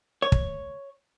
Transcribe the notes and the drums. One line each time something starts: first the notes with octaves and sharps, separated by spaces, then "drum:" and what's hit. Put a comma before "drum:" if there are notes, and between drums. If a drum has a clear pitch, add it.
C#5
drum: kick